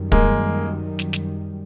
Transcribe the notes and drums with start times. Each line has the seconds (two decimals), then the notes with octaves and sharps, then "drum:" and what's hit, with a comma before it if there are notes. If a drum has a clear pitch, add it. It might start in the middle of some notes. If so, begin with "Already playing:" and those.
Already playing: F#2 D#3 G3
0.12 G#3 A#3, drum: kick
0.99 drum: snare
1.13 drum: snare